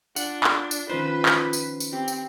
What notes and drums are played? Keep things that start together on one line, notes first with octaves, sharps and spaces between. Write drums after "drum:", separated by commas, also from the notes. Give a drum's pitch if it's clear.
D4 F4 F#5, drum: tambourine
drum: clap
drum: tambourine
D#3 F3 C#4 D#4 B4 C5
drum: clap
drum: tambourine
drum: tambourine
C4 G4
drum: tambourine